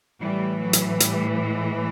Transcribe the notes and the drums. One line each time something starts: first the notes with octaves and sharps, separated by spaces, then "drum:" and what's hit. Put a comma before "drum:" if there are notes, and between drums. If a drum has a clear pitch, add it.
A2 E3 G3
F#3
drum: hi-hat
G3, drum: hi-hat
G#3